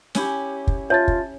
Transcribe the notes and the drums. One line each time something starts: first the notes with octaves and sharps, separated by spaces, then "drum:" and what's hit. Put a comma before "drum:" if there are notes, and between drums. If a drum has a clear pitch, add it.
C#4 E4 G4, drum: snare
drum: kick
F4 C#5 E5 A5 A6
drum: kick